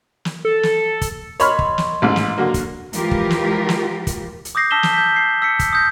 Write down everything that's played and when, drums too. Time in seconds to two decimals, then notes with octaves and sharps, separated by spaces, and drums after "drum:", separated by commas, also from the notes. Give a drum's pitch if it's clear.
0.25 drum: snare
0.45 A4
0.63 drum: snare
1.01 drum: kick, hi-hat
1.40 A#4 C#5 D#5 B5 C6 F6, drum: hi-hat
1.59 drum: kick
1.78 drum: snare
2.02 A1 G#2
2.16 drum: snare
2.38 D3 F#3 A#3
2.54 drum: kick, hi-hat
2.93 E3 F3 G#3 F4 G4 A#4, drum: hi-hat
3.11 drum: kick
3.30 drum: snare
3.69 drum: snare
4.07 drum: kick, hi-hat
4.45 drum: hi-hat
4.55 D6 D#6 G6 A#6 C7
4.71 A5 E6 B6 E7 G7
4.83 drum: snare
4.94 G6 B6
5.16 C7
5.42 E6 B6 C#7
5.59 drum: kick, hi-hat
5.73 D#6 G6 A#6